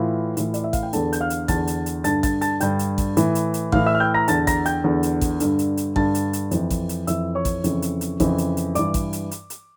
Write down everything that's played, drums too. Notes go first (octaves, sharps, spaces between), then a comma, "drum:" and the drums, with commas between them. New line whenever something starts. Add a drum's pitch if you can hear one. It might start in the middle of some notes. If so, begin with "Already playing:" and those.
Already playing: A2 E3 F4 F5
A2 E3, drum: hi-hat
D5, drum: hi-hat
E5
F5, drum: kick A1, hi-hat
G5
E2 D3 A4 A5, drum: hi-hat
G6, drum: hi-hat
F5 F6
drum: hi-hat
E2 D3 A5 A6, drum: kick A1, hi-hat
drum: hi-hat
drum: hi-hat
G2 D3 A5 A6, drum: hi-hat
A5 A6, drum: kick A1, hi-hat
A5 A6, drum: hi-hat
G2 D3 G5 G6, drum: hi-hat
drum: hi-hat
drum: kick A1, hi-hat
A2 E3, drum: hi-hat
drum: hi-hat
drum: hi-hat
A2 E3 F5 F6, drum: kick A1
E5 E6
F6
G5 G6
A#5 A#6
E2 D3 A5 A6, drum: hi-hat
A#5 A#6, drum: kick A1, hi-hat
G5 G6, drum: hi-hat
E2 D3
drum: hi-hat
drum: kick A1, hi-hat
G2 D3, drum: hi-hat
drum: hi-hat
drum: hi-hat
G2 D3 A5 A6, drum: kick A1
drum: hi-hat
drum: hi-hat
F2 E3, drum: hi-hat
drum: kick A1, hi-hat
drum: hi-hat
F2 E3 E5 E6, drum: hi-hat
C#5 C#6
drum: kick A1, hi-hat
F2 C#3 E3, drum: hi-hat
drum: hi-hat
drum: hi-hat
F2 C#3 E3, drum: kick A1, hi-hat
drum: hi-hat
drum: hi-hat
G2 E3 D5 D6, drum: hi-hat
drum: kick A1, hi-hat
drum: hi-hat
drum: hi-hat
drum: hi-hat